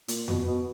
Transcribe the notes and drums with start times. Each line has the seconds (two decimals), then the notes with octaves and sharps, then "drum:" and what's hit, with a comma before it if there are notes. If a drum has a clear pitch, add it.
0.08 A#2, drum: hi-hat
0.28 B2, drum: tom F2
0.47 B2